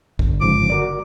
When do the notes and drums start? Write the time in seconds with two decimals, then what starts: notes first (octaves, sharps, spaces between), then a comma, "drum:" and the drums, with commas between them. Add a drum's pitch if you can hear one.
0.19 G1, drum: kick
0.41 G#2 C#3 F3 D6
0.70 F#4 A#4 D5